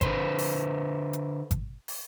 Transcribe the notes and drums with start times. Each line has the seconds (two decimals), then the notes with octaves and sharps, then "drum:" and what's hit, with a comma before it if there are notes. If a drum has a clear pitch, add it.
0.01 D3 B4 C5, drum: kick G#1, hi-hat
0.38 drum: open hi-hat
1.13 drum: hi-hat
1.51 drum: kick G#1, hi-hat
1.88 drum: open hi-hat